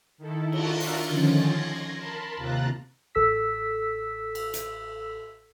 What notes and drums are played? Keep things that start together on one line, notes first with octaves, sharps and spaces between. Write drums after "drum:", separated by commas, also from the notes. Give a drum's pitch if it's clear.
D#3 E4 A4
D4 F4 F#4 A#4 E5 A5, drum: cymbal
drum: open hi-hat
D3 D#3 F3 C#4 F4 A6
C6 G#6 A#6
A#4 A5 B5 C6
D#2 C3 F4 A#5 F#6 A6
A1 A4 E6 B6
drum: cymbal
drum: hi-hat